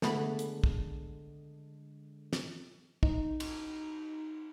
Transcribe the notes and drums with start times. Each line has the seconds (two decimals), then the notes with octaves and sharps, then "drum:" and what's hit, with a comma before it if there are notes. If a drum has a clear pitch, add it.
0.02 D3 G#3 A3 B3 B5, drum: snare
0.39 drum: hi-hat
0.64 drum: kick
2.33 drum: snare
3.03 D#4, drum: kick
3.40 drum: cymbal